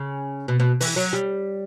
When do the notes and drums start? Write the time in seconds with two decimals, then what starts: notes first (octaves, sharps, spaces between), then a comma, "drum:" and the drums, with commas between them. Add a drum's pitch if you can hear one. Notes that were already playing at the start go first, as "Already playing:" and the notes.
Already playing: C#3
0.48 B2
0.60 B2
0.81 E3, drum: open hi-hat
0.96 F#3
1.13 G3